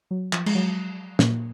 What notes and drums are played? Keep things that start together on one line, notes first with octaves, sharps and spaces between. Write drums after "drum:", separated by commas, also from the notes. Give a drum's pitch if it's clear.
F#3
F3, drum: clap
G#3, drum: cymbal
F#3
A#2 A#3, drum: snare